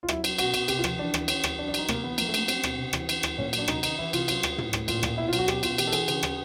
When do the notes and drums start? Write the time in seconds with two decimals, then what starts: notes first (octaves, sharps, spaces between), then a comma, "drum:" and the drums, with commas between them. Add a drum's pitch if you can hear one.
0.03 F4
0.08 F#3 E4, drum: rim click
0.24 F#3, drum: cymbal
0.38 B2 F#4, drum: cymbal
0.54 B2 F#4, drum: cymbal
0.68 C3 G4, drum: cymbal
0.79 F4
0.84 F3, drum: rim click
0.98 E3 D4
1.14 E3, drum: rim click
1.28 E3 C#4, drum: cymbal
1.44 E3, drum: rim click
1.59 F#3 D4
1.69 D4
1.74 F#3 D#4, drum: cymbal
1.88 C3 A#3, drum: rim click
2.04 E3 B3
2.18 F3 A#3, drum: cymbal
2.28 A3
2.34 F3 A#3, drum: cymbal
2.48 F#3 C4, drum: cymbal
2.63 B2, drum: rim click
2.78 C3
2.93 E3, drum: rim click
3.09 E3, drum: cymbal
3.23 E3, drum: rim click
3.38 A#2 C#4
3.53 F#3, drum: cymbal
3.58 D4
3.68 C3 D#4, drum: rim click
3.83 D#3 D#4, drum: cymbal
3.98 E3 E4
4.13 C3 F4, drum: cymbal
4.28 F#3 F4, drum: cymbal
4.43 F#3, drum: rim click
4.58 A2, drum: tom
4.73 A2, drum: rim click
4.88 A#2 F4, drum: cymbal
5.03 A#2, drum: rim click
5.17 B2 E4
5.28 F4
5.33 F#3, drum: cymbal
5.39 F#4
5.48 B2 G4, drum: rim click
5.63 B2 F4, drum: cymbal
5.78 E3 G4, drum: cymbal
5.87 A4
5.93 E3 G#4, drum: cymbal
6.08 C#3, drum: cymbal
6.23 C#3, drum: rim click